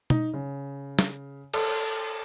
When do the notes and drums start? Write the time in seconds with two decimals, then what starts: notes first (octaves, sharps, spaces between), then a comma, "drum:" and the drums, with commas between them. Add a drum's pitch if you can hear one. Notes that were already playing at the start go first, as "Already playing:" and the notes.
0.10 D#4, drum: tom
0.33 C#3
0.99 drum: snare
1.54 A4, drum: cymbal